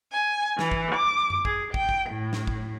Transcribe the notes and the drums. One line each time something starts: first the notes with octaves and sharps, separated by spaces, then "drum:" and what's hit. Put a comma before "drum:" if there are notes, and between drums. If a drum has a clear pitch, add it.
G#5
E3, drum: snare
drum: kick
D6
drum: tom F#2
G#4, drum: kick
G5, drum: kick
drum: kick
A2
drum: snare
drum: kick